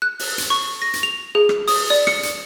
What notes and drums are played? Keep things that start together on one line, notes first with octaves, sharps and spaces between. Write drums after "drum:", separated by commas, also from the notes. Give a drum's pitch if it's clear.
F#6
drum: open hi-hat
drum: hi-hat
C#6
A#6
drum: hi-hat
F7
G#4
drum: rim click
D#6, drum: open hi-hat
D5
C#7, drum: rim click
drum: hi-hat